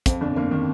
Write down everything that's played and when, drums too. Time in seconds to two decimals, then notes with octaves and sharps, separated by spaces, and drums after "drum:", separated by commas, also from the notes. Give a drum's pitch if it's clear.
0.06 F2 C4, drum: kick, hi-hat
0.21 G1 D4
0.36 G1 A#3
0.51 D#3